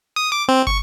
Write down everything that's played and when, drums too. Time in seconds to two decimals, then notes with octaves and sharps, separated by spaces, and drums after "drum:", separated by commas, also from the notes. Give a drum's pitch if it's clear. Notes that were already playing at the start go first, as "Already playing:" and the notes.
0.16 D#6
0.32 D6
0.48 C4
0.67 C#6, drum: kick